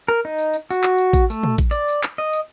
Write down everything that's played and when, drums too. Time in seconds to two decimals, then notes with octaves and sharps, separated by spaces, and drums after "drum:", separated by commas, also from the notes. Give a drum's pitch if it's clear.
0.08 A#4
0.25 D#4
0.38 drum: tambourine
0.53 drum: tambourine
0.71 F#4, drum: tambourine
0.83 drum: clap
0.98 drum: tambourine
1.13 drum: kick A1, tambourine
1.30 A3, drum: tambourine
1.43 drum: tom A#2
1.58 drum: kick A1, tambourine
1.71 D5, drum: tambourine
1.88 drum: tambourine
2.03 drum: clap
2.18 D#5
2.33 drum: tambourine